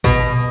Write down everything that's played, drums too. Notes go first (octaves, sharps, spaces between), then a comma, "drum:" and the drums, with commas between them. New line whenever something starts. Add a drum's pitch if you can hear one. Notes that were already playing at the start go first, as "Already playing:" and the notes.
B2, drum: kick G#1